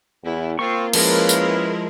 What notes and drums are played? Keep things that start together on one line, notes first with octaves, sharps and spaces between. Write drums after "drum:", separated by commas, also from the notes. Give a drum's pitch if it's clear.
E2 E4
A#3 C4 F4 C#6
F3 G#3 C#4 E4 G#4 A#4 B4 F5, drum: cymbal
drum: tambourine